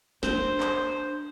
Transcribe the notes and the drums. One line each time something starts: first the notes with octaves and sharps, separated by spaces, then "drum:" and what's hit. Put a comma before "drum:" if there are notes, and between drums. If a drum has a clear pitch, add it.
D4 C5, drum: snare
drum: clap